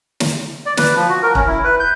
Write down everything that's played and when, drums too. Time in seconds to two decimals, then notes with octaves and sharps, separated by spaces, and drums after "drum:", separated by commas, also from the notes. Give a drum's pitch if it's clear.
0.20 drum: snare
0.66 D5
0.77 B4, drum: snare
0.96 F3
1.09 F#4
1.22 A#4
1.35 C#4, drum: kick E1
1.47 E4
1.64 B4
1.80 G6